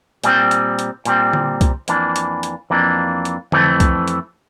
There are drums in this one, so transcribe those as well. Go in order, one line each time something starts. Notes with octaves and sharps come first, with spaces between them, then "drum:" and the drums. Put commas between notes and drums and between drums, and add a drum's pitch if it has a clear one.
A#2 G3 C4, drum: hi-hat
drum: hi-hat
drum: hi-hat
A#2 G3 C4, drum: hi-hat
drum: tom D3
drum: kick C2, hi-hat
F2 E3 A#3 D4, drum: hi-hat
drum: hi-hat
drum: hi-hat
F2 E3 A#3 D4
drum: hi-hat
F2 E3 A3, drum: tom D3
drum: kick C2, hi-hat
drum: hi-hat